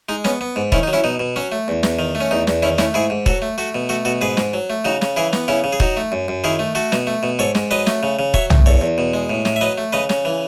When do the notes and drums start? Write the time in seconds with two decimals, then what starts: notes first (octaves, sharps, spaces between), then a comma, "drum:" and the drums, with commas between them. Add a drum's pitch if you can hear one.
0.09 G#3 D#4
0.25 B3 C#4, drum: snare
0.41 B3
0.56 G#2
0.72 D#3 C#4 E4, drum: kick E1
0.83 D#4
0.88 F#3
0.93 C#4 E4
1.04 B2 D#4
1.20 B2
1.36 F#3 C#4
1.52 A3
1.68 E2
1.83 E2, drum: snare
1.99 D#3
2.15 A3
2.21 C#4
2.31 E2 D#4
2.47 E2, drum: snare
2.63 D#3 C#4 E4
2.78 A3 C#4 E4, drum: snare
2.94 G#2 E4 G#4
3.10 G#2
3.26 F#3 F#4 A4, drum: kick E1
3.42 A3
3.58 A3 F#4 A4
3.75 B2
3.89 A3 F#4 A4
4.05 B2 F#4 A4
4.21 G#2 G#4 B4
4.37 G#2, drum: snare
4.54 F#3
4.70 A3
4.85 C#3 D#4 F#4
5.02 C#3, drum: snare
5.16 E3 E4 G#4
5.33 B3, drum: snare
5.48 C#3 C#4 E4
5.64 C#3
5.73 G#4
5.80 F#3 D#4 F#4, drum: kick E1
5.97 A3
6.12 F#2
6.28 F#2
6.44 D#3 E4 G#4
6.59 A3
6.75 A3 F#4 A4
6.92 B2, drum: snare
7.07 A3
7.23 B2
7.39 G#2 A4 C#5
7.55 G#2, drum: snare
7.71 F#3 B4 D#5
7.87 A3, drum: snare
8.03 C#3
8.19 C#3
8.34 F#3 C#5 E5, drum: kick E1
8.50 A3, drum: tom
8.66 E2 A4 C#5
8.81 E2
8.98 B2
9.14 G#3
9.30 A2
9.45 A2, drum: snare
9.56 E5
9.61 F#3 B4 D#5
9.78 A3
9.93 C#3 B4 D#5
10.09 C#3, drum: snare
10.25 E3